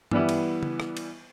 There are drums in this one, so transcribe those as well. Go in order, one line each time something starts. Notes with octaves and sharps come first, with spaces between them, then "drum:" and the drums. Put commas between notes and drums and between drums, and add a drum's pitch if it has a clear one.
E3 G3 B3 E4, drum: tom G2
drum: cymbal
drum: tom C#3
drum: rim click
drum: cymbal